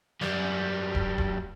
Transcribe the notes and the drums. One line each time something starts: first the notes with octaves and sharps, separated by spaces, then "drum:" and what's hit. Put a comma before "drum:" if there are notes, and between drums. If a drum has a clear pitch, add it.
F#2 G3, drum: snare
drum: kick D1
drum: kick D1